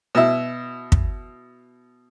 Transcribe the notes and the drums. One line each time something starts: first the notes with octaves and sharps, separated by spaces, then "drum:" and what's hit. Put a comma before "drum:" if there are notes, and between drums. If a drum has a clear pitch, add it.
B2 E4
drum: kick